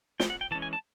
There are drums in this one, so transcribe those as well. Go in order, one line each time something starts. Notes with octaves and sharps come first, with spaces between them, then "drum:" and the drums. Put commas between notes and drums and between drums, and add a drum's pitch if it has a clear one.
G5, drum: snare
F#5
G5
E3 G#3 C#4 A5
G#5
A5